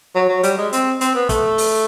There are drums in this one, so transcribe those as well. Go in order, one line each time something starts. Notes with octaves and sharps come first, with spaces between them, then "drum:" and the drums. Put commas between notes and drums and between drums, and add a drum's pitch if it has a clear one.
F#3
F#3
G3, drum: hi-hat
G#3
C4, drum: hi-hat
C4, drum: hi-hat
B3
A3, drum: kick, hi-hat
drum: open hi-hat